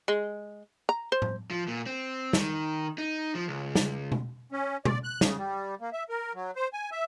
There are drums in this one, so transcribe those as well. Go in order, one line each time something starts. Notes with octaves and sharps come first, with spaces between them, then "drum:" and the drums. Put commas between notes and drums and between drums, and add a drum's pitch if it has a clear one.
G#3
A#5
C5
drum: tom A2
F3
A#2
C4
D#3, drum: snare
D#4
F3
C#2
drum: snare
drum: tom B2
C#4
D5, drum: tom B2
F#6
C#3, drum: snare
G3
A#3
E5
A#4
F#3
C5
G#5
E5